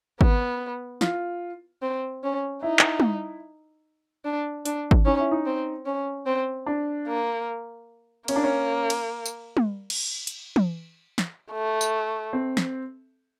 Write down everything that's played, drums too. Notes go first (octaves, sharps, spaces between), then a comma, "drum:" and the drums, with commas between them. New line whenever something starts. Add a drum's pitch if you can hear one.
B3, drum: kick G#1
F4, drum: snare
C4
C#4
D#4 E4
drum: clap
drum: tom
D4
D4, drum: hi-hat
drum: kick G#1
C#4 D#4
E4
D#4
C4
C#4
C4
D4
A#3
A#3 C#4, drum: cymbal
D4
C#4
drum: cymbal
drum: tambourine
drum: tom
drum: cymbal
drum: hi-hat
drum: tom
drum: snare
A3
drum: tambourine
C4
drum: snare